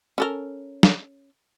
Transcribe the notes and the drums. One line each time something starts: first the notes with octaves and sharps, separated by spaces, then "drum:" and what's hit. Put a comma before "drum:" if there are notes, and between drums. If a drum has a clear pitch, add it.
C#4 A4 A#4
drum: snare